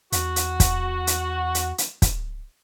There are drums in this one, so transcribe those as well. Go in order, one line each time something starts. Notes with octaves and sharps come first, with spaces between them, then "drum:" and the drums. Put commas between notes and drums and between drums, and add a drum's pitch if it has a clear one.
E2 F#4, drum: hi-hat
drum: hi-hat
drum: kick, hi-hat
drum: hi-hat
drum: hi-hat
drum: hi-hat
drum: kick, hi-hat